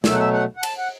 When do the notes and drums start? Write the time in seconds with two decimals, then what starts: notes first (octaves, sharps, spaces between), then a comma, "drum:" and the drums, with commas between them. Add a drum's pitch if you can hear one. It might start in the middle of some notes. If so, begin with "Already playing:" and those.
0.04 B2 F#3 A3 E5, drum: snare
0.13 F#5
0.19 E5
0.33 F#5
0.57 F#5
0.63 A5, drum: cymbal
0.78 F#5